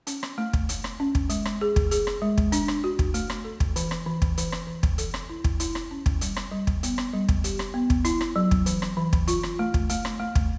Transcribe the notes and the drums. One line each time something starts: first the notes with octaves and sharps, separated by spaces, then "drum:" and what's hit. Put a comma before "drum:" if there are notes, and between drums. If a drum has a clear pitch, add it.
C#4, drum: hi-hat
drum: rim click
A3
drum: kick
A3, drum: hi-hat
drum: rim click
C#4
drum: kick
G#3, drum: hi-hat
drum: rim click
G#4
drum: kick
G#4, drum: hi-hat
drum: rim click
G#3
drum: kick
D4, drum: hi-hat
drum: rim click
F#4
drum: kick
A3, drum: hi-hat
drum: rim click
A4
drum: kick
E3, drum: hi-hat
drum: rim click
E3
drum: kick
E3, drum: hi-hat
drum: rim click
E3
drum: kick
A4, drum: hi-hat
drum: rim click
E4
drum: kick
E4, drum: hi-hat
drum: rim click
C#4
drum: kick
G3, drum: hi-hat
drum: rim click
G3
drum: kick
B3, drum: hi-hat
drum: rim click
G3
drum: kick
G4, drum: hi-hat
drum: rim click
B3
drum: kick
E4, drum: hi-hat
drum: rim click
F#3
drum: kick
E3, drum: hi-hat
drum: rim click
E3
drum: kick
F4, drum: hi-hat
drum: rim click
A3
drum: kick
A3, drum: hi-hat
drum: rim click
A3
drum: kick